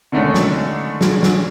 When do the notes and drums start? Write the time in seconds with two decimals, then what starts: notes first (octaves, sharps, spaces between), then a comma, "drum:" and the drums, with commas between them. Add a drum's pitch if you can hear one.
0.12 D3 D#3 G#3 A3 C#4 D4
0.34 drum: snare
1.01 drum: snare
1.23 drum: snare